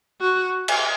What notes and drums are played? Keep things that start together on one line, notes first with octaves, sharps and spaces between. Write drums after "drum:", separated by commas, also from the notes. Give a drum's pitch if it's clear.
F#4
drum: cymbal